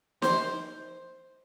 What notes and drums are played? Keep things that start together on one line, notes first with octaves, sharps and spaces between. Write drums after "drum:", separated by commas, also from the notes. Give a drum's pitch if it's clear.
C5, drum: snare